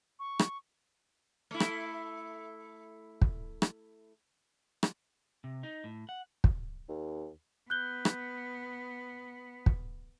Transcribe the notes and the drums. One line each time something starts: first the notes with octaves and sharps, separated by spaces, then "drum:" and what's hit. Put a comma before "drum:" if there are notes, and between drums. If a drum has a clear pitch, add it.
C#6
drum: rim click
A3 E4
drum: rim click
drum: kick
drum: rim click
drum: rim click
C3
D#4
A2
F#5
drum: kick
D#2
B3 F#6 G6 G7
drum: rim click
drum: kick